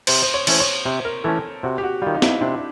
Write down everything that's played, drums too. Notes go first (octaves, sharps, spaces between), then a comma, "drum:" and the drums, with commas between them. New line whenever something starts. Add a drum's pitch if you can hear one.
C3 C5, drum: cymbal
C5
C#5
E3 A3 C#4 C5, drum: cymbal
C#5
C3 C5
A#4
E3 A3 C#4 A4
C3 F#4
G4
F#4
D#3 G3 F4
D#4
E4, drum: snare
C3 D4